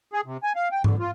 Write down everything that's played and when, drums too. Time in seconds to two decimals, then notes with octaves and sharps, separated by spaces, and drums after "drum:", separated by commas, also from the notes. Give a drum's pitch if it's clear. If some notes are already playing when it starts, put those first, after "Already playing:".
0.13 G#4
0.25 C3
0.43 G#5
0.56 F5
0.72 G5
0.84 D3, drum: tom G#2
0.99 F4